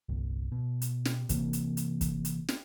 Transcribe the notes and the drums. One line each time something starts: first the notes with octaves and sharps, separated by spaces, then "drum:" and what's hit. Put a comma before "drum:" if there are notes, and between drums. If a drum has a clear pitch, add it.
G1 C2
B2
drum: hi-hat
drum: snare
C3 E3 A#3, drum: kick, hi-hat
drum: hi-hat
drum: hi-hat
drum: kick, hi-hat
drum: hi-hat
drum: snare